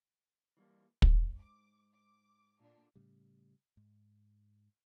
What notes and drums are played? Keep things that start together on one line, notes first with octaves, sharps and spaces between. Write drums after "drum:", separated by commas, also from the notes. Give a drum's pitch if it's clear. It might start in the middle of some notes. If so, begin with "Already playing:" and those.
E3 G3 A#3
G#2, drum: kick
D6
D6
A#2 D3 D4
A2 C#3 G3
G#2